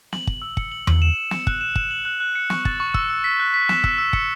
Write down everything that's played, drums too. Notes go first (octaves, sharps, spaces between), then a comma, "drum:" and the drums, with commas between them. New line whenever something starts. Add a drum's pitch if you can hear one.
F#7, drum: snare
F#7, drum: kick
E6
C#7, drum: kick
F#7
F#7, drum: tom E2
E7
E7
C#7, drum: snare
F#6, drum: kick
E7
E7, drum: kick
F#7
F#6
F#6
C#7
C#6, drum: snare
A6, drum: kick
C#6
E6, drum: kick
E6
B6
F#6
B6
E7, drum: snare
E6, drum: kick
E6
C#7, drum: kick